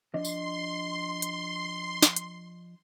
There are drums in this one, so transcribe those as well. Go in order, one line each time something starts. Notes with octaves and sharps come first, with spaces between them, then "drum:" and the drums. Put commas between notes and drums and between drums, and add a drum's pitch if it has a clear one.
F3 D4 D#5 C6
drum: tambourine
drum: hi-hat
drum: snare
drum: hi-hat